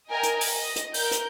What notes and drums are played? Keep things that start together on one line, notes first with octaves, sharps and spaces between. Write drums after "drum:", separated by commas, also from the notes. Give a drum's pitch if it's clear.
A#4 D#5 G5 G#5
drum: hi-hat
drum: open hi-hat
D#5
drum: hi-hat
A#4 G6, drum: open hi-hat
drum: hi-hat